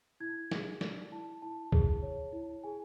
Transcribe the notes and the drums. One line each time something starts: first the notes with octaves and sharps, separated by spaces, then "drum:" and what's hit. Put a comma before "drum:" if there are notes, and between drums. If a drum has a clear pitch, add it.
E4 G#6
G#4, drum: snare
D5, drum: snare
E4 A5
E4 A5
G#4, drum: kick C#2
C#5
E4
G#4 G#5